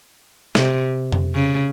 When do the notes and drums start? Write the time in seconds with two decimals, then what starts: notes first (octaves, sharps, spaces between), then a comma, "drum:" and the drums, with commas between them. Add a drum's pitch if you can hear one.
0.55 C3, drum: snare
1.12 drum: tom F2
1.34 C#3